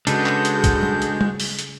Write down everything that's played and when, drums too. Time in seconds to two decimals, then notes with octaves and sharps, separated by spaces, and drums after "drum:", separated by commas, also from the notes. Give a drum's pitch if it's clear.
0.07 C#3 G#3 D4 F#4 A4 B4 D#6 G6, drum: hi-hat
0.26 drum: clap
0.45 drum: hi-hat
0.64 drum: kick, hi-hat
0.83 drum: tom G3
1.02 drum: hi-hat
1.21 drum: tom G3
1.40 drum: open hi-hat
1.59 drum: hi-hat